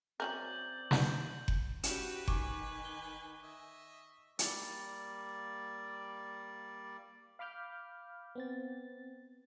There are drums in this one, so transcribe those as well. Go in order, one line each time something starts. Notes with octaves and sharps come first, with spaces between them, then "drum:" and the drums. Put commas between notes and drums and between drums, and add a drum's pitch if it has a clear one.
F#3 C4 C#4 A#4 D5 G6 F#7
drum: snare
drum: kick F#1
C#4 F#4 G4 B4 E7, drum: hi-hat
D#3 G#5 C#6 D6, drum: kick F#1
G7
D#5 E5
G3 A#3 D5, drum: hi-hat
F5 B5 D6 F6 G6
B3 C4 A6